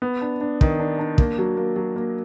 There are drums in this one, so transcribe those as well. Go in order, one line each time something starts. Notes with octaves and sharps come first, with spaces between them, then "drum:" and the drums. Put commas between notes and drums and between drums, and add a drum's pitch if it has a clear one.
B3
D4
D4
D#3, drum: kick
D4
D4
A#3, drum: kick
F#3
A#3
F#3
A#3